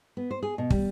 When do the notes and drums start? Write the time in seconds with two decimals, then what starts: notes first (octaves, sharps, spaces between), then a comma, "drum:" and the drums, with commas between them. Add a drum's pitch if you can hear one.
0.17 B3
0.31 C5
0.42 G#4
0.58 B2
0.70 G3, drum: kick